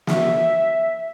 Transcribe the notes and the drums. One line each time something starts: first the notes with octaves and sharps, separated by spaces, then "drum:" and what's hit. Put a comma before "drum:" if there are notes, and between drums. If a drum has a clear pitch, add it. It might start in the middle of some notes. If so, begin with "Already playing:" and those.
E5, drum: snare